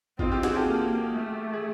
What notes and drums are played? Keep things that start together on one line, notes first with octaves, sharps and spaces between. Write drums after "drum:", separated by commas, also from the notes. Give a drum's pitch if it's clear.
C4 D#4 F4, drum: kick G#1
F4 G4
F#4 G#4, drum: snare
G4 A4
A#3
A3
G#4